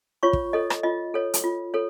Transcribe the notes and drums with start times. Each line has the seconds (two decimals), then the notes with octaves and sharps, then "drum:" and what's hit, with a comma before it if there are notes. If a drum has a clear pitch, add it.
0.23 F4 C#5 C#6
0.33 drum: kick
0.53 A4 C#5 D#5
0.70 drum: rim click
0.83 F4 D#5
1.14 A4 C#5
1.34 drum: hi-hat
1.44 F4
1.74 A4 C#5